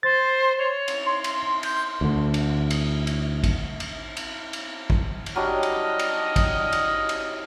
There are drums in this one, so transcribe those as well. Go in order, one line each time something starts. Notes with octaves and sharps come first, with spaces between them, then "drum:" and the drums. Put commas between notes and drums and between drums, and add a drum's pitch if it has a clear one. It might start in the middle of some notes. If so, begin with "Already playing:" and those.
C5 A6
C#5
drum: cymbal
C6
drum: cymbal
G6, drum: cymbal
D2 D3
drum: cymbal
drum: cymbal
drum: cymbal
drum: kick A1, cymbal
drum: cymbal
drum: cymbal
drum: cymbal
drum: kick A1
drum: cymbal
F#3 G3 D4 D#5 F6
drum: cymbal
drum: cymbal
drum: kick A1, cymbal
drum: cymbal
drum: cymbal